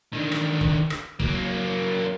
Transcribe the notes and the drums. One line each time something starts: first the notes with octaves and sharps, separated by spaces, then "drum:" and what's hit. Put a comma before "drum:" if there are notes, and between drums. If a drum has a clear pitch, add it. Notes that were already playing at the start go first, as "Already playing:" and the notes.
D3 D#3
drum: rim click
drum: kick
drum: rim click
F#3 A#3, drum: kick